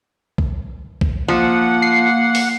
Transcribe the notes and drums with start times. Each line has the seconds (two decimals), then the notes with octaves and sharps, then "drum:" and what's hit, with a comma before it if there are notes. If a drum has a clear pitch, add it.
0.38 drum: kick B1
1.01 drum: kick B1
1.28 F3 A#3 F#5
1.82 C7
2.35 drum: open hi-hat